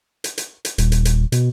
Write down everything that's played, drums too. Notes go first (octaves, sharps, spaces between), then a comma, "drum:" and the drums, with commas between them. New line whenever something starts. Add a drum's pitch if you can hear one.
drum: hi-hat
drum: hi-hat
drum: hi-hat
D#1, drum: hi-hat
drum: hi-hat
drum: hi-hat
B2, drum: hi-hat